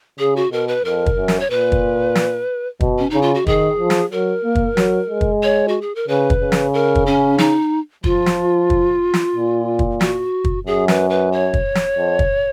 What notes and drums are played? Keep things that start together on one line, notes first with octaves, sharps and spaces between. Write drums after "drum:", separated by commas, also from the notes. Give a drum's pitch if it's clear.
C#3 G#4
F#4
B2 A#4
B4
F2 A#4
drum: kick
F#2
drum: snare
C#5
A#2 B4
drum: kick
drum: snare
B2, drum: kick
C#4
C#3 D#4
F4
F#4
D#3 G#4, drum: kick
F3
drum: snare
F#3 A#4
A#3
drum: kick
F#3, drum: snare
G#3
drum: kick
C#5
F#4
G#4
A#4
C#3 B4
drum: kick
C#3
drum: snare
A#4
drum: kick
C#4
D#4, drum: snare
F3 F4, drum: kick
drum: snare
drum: kick
drum: snare
A#2
drum: kick
F#4, drum: snare
drum: kick
F#2 G#4
B4, drum: snare
B4
C#5
drum: kick
drum: snare
F2
drum: kick